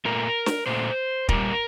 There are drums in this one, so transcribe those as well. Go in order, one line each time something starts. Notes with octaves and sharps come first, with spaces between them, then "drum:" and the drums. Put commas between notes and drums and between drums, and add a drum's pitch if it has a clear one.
A#2 A3 A#4
drum: snare
A#2 A3 C5
A#2 G3 A#4, drum: kick